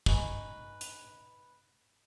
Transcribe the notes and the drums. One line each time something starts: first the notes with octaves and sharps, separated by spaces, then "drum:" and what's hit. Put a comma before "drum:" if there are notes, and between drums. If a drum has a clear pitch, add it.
D#4 B4 G#5 C#6, drum: kick
drum: hi-hat